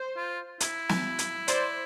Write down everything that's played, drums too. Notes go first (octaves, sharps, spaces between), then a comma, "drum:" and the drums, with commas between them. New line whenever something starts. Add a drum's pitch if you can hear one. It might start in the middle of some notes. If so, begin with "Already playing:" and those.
Already playing: C5
F4
E4, drum: hi-hat
drum: snare
drum: hi-hat
C5 D5, drum: hi-hat